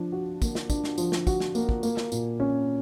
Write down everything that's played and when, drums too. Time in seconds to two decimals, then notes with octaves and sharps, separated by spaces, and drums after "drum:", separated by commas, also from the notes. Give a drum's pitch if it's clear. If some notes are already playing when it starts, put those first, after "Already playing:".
Already playing: F3 D4
0.12 F#4
0.42 A#3, drum: kick, tambourine
0.55 drum: snare
0.70 D4, drum: kick, tambourine
0.84 drum: snare
0.98 F3, drum: tambourine
1.12 drum: snare
1.27 F#4, drum: kick, tambourine
1.40 drum: snare
1.55 A#3, drum: tambourine
1.69 drum: kick
1.83 A#3, drum: tambourine
1.97 drum: snare
2.12 A#2, drum: tambourine
2.40 C#4